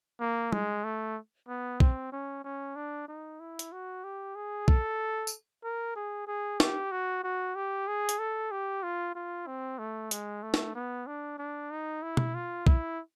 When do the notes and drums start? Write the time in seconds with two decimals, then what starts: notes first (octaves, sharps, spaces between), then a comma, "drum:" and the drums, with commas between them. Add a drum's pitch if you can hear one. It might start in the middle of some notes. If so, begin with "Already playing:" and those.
0.21 A#3
0.53 G#3, drum: tom
0.84 A3
1.48 B3
1.80 C4, drum: kick B1
2.12 C#4
2.44 C#4
2.76 D4
3.08 D#4
3.40 E4
3.59 drum: hi-hat
3.72 F#4
4.04 G4
4.36 G#4
4.68 A4, drum: kick B1
5.27 drum: tambourine
5.64 A#4
5.96 G#4
6.28 G#4
6.60 G4, drum: snare
6.92 F#4
7.24 F#4
7.55 G4
7.87 G#4
8.09 drum: hi-hat
8.19 A4
8.51 G4
8.83 F4
9.15 F4
9.47 C4
9.79 A3
10.11 G#3, drum: hi-hat
10.43 A3
10.54 drum: snare
10.75 B3
11.07 D4
11.39 D4
11.71 D#4
12.03 E4
12.17 drum: tom B2
12.35 F4
12.67 E4, drum: kick B1